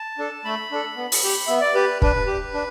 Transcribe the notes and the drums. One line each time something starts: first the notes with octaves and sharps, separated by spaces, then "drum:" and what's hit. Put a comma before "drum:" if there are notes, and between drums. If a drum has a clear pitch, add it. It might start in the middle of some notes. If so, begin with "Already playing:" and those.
Already playing: A5
D4 A4
A3 B5
D4 A4
B3
drum: open hi-hat
G4
B3 E5
D5
G4 B4
D4 B4, drum: kick
G4
D4